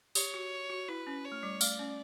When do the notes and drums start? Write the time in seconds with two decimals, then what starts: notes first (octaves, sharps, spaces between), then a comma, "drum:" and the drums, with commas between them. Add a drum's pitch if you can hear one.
0.15 G4 C#5, drum: tambourine
0.34 F#4
0.70 F#4
0.88 E4 B4
1.07 C#4
1.25 C#5
1.32 A3
1.43 G3
1.61 A3 D5, drum: tambourine
1.79 C#4